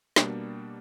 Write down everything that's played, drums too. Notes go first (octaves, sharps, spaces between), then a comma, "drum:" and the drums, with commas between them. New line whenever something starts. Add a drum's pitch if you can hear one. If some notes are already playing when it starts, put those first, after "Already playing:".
B2 G3 A#3 D4, drum: snare